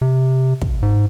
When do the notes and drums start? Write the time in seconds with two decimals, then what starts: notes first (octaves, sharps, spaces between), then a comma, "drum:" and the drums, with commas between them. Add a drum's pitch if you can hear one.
0.01 C3
0.62 drum: kick
0.82 G#2